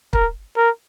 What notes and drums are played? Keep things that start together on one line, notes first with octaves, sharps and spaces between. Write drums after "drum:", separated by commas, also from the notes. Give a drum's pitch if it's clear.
A#4, drum: kick
A#4